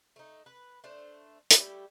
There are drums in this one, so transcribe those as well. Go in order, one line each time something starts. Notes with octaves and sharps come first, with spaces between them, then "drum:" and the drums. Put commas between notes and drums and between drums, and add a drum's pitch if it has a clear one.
A3 D#4
B4
A3 D4 C5
G3 A3 E4 G4, drum: hi-hat